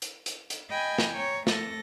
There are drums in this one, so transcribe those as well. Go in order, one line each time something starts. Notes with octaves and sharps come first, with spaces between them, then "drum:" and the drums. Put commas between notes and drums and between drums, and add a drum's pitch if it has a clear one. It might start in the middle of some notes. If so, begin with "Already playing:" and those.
drum: hi-hat
drum: hi-hat
drum: hi-hat
D#5 G5 G#5 B5
drum: snare
C#5 A#5
A3 A4 A#6, drum: snare